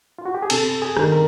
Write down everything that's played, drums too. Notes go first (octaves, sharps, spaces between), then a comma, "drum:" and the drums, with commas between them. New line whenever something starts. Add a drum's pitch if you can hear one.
F4
F#4
G4
G#4
C3 A4, drum: cymbal
G#4
D#3 G3, drum: rim click
A#4